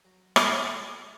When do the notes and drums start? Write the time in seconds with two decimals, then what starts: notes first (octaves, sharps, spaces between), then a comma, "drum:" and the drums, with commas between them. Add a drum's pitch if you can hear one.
0.05 F#3 F#4
0.36 F#3, drum: rim click
0.67 A2 E4
0.89 F#4
0.99 A2